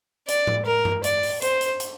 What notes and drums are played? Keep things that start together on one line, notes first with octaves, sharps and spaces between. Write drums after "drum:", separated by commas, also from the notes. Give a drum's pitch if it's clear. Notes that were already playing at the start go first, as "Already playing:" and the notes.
D5, drum: hi-hat
drum: tom A2
A#4
drum: tom G2
D5, drum: hi-hat
drum: open hi-hat
C5, drum: hi-hat
drum: hi-hat
drum: hi-hat